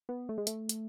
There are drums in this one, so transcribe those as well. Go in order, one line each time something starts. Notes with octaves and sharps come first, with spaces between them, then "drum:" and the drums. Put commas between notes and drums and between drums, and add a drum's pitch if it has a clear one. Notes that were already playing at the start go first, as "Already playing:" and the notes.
B3
A3
G#3
A3, drum: hi-hat
drum: hi-hat